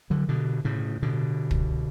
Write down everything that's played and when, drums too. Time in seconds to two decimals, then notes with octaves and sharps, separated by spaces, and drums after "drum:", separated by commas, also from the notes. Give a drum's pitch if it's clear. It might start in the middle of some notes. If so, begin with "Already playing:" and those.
0.10 D3 F#3
0.29 B2 D3
0.65 A2 C#3
1.02 B2 D3
1.51 drum: kick